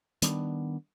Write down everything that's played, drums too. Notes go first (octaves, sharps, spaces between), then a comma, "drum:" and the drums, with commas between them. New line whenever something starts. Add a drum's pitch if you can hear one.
D#3 G3 B3 D4, drum: hi-hat